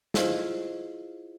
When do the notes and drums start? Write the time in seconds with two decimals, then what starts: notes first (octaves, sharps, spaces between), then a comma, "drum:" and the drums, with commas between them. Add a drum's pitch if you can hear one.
0.14 E4 F4 G#4 C5 D#5 F5, drum: snare